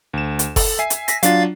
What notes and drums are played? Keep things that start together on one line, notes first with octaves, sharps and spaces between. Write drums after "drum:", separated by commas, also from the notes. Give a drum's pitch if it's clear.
D2 E7
drum: hi-hat
A4, drum: kick F#1, open hi-hat
E5 G#5 C7
drum: hi-hat
A#6 B6, drum: hi-hat
F#3 D4 F4 F5 A6, drum: hi-hat